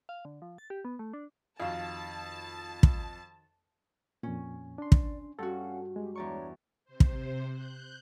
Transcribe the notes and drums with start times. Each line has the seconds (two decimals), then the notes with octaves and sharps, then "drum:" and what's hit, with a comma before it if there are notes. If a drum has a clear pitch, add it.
0.09 F5
0.25 D3
0.42 F3
0.58 A6
0.70 G4
0.85 B3
0.99 A3
1.13 D4
1.60 F2 D#3 F#4 F5 A5
2.83 drum: kick
4.23 F2 A#2 C#4
4.78 D4 D5 C6
4.92 drum: kick
5.39 G2 C#4 F#4 A4 F5 F#5
5.96 G#3 G4
6.15 E2 D4 C#5 D5 A#5 C#6
6.85 C3 C5
7.00 drum: kick
7.49 F#6 G6